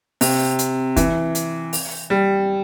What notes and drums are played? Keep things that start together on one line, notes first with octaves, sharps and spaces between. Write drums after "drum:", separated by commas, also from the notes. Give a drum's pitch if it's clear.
C3, drum: open hi-hat
drum: hi-hat
E3, drum: kick, hi-hat
drum: hi-hat
drum: open hi-hat
G3